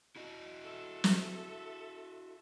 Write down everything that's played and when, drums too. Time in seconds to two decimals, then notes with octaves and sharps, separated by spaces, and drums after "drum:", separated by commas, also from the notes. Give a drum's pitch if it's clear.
0.16 E4 F#4 D#5
0.63 A4 E5
1.04 drum: snare